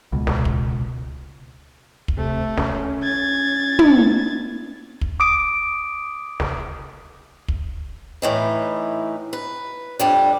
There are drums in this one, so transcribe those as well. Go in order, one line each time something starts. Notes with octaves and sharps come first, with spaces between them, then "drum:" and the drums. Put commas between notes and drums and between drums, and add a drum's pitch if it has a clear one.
C#2 B2
drum: snare
drum: kick
drum: kick
C3 A3
C#4, drum: snare
G#6 A6
drum: tom
drum: kick
D6 D#6 D7
drum: snare
drum: kick
A2 E3 D#4
B4
F2 G3 D4, drum: hi-hat